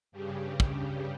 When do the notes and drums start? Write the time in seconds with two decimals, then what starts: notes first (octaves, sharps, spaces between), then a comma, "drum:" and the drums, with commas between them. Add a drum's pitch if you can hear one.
0.12 G2 C#3 G3
0.60 drum: kick